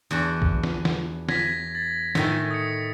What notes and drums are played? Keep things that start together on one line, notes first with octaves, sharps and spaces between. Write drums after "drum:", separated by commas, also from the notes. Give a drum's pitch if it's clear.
E2 D4 F#4
drum: kick
drum: snare
drum: snare
G#6 A#6 B6, drum: snare
A6
A2 D#3 G#5, drum: snare
D#6 C#7